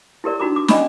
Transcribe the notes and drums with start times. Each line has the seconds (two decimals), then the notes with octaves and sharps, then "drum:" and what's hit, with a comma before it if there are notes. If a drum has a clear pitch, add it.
0.24 E4 G4 A#4 D5
0.40 D4 D#4 F#4 A#5 D6
0.56 D6
0.68 C#4 D5 D#5 G#5 A#5 B5, drum: snare